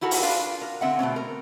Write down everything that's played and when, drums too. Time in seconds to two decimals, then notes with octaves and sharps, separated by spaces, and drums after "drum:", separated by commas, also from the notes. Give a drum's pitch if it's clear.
0.01 D#4 E4 F#4 A4 A#4
0.11 drum: open hi-hat
0.22 D4 F4 B4 F5
0.61 A#4
0.81 D3 C4 E5 F#5
0.99 B2 A3 C4 C#4
1.16 A#4